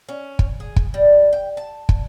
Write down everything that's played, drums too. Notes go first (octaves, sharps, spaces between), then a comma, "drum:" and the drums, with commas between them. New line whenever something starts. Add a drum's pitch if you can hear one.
C#4
drum: kick
G#4
drum: kick
G3
G5
A5
drum: kick